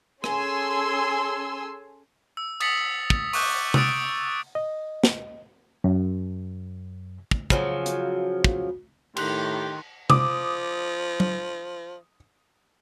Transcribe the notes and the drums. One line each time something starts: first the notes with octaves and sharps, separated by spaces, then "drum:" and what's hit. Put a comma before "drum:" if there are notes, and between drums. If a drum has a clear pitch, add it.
C#4 G#4 A4 G#5 C6 E6, drum: rim click
E6
D#6 A6 B6 C#7 F#7, drum: cymbal
drum: kick
C#6 D6 F#6 G6, drum: open hi-hat
D#6 E6 F#6 A6 D7, drum: tom C3
D#5
drum: snare
F#2
drum: kick
C#3 F3 F#3, drum: kick
drum: hi-hat
drum: kick
A2 D#3 G4 C6 F#6, drum: cymbal
F3 D6 D#6, drum: tom C3
drum: tom F#3